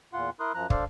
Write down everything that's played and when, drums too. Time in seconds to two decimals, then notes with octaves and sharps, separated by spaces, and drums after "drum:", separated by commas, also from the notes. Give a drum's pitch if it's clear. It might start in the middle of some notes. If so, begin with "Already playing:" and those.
0.13 E2 A#2 F4 F#5 C6
0.40 E4 A#4 C6 D#6 F#6
0.54 F#2 F3 A#5 F#6
0.70 D4 A4 C5 D5 F5, drum: kick